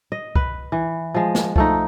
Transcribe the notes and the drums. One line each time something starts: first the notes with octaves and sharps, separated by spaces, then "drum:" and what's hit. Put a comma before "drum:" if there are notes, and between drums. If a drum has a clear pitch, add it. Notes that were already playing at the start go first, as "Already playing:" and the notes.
D#5
B4, drum: kick
E3
F3 G#3
drum: snare
F3 A3 D#4, drum: kick